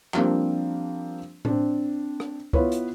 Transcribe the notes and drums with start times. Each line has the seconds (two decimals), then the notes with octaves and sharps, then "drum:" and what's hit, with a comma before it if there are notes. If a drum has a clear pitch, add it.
0.14 F3 G3 A#3 C4 D4, drum: clap
1.45 C4 D4, drum: tom A2
2.20 drum: rim click
2.53 B3 E4 F4 B4 C#5, drum: kick
2.72 drum: hi-hat